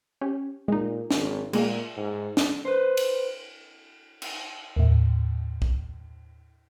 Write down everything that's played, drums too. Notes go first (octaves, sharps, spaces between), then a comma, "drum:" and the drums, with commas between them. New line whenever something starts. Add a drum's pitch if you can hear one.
C#4 G4
A#2 G#3 D#4
G#1, drum: snare
A#2 G#3 A#3, drum: cymbal
G#2
drum: snare
B4 C5
drum: cymbal
drum: cymbal
D#2 A2
drum: kick